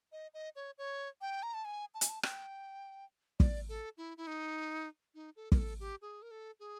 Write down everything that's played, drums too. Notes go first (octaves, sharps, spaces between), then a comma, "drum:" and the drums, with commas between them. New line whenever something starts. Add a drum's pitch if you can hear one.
D#5
D#5
C#5
C#5
G5
A#5
A5
G#5
A5
G#5, drum: hi-hat
A5
G5, drum: rim click
D5, drum: kick
A4
E4
E4
D#4
D#4
A4
A#4, drum: kick
A4
G4
G#4
A#4
A4
G#4